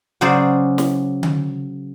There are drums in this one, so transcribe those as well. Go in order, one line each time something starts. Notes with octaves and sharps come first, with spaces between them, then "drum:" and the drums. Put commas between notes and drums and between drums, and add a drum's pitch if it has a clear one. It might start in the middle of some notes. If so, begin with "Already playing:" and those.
C#3 F#3 G#4 C5 D5
drum: snare
drum: tom D3